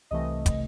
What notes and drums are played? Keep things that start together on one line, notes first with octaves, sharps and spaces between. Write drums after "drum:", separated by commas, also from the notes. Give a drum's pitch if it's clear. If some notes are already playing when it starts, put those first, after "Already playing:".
C2 C3 E3 A3 D#5
drum: kick, hi-hat